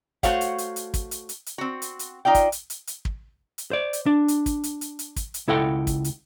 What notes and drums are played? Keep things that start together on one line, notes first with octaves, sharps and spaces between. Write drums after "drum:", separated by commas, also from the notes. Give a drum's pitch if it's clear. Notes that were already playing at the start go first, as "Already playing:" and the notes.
A3 F#4 C5 C#5 F5 F#5, drum: kick, hi-hat
drum: hi-hat
drum: hi-hat
drum: hi-hat
drum: kick, hi-hat
drum: hi-hat
drum: hi-hat
drum: hi-hat
C4 F#4
drum: hi-hat
drum: hi-hat
D#4 F4 D5 G5
drum: kick, hi-hat
drum: hi-hat
drum: hi-hat
drum: hi-hat
drum: kick
drum: hi-hat
C5 D5
drum: hi-hat
D4
drum: hi-hat
drum: kick, hi-hat
drum: hi-hat
drum: hi-hat
drum: hi-hat
drum: kick, hi-hat
drum: hi-hat
C#2 E4 A4 F#5 G5
drum: kick, hi-hat
drum: hi-hat